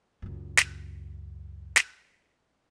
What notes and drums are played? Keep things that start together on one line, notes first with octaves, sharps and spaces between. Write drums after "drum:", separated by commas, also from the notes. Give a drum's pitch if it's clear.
C#2 F#2
drum: snare
drum: snare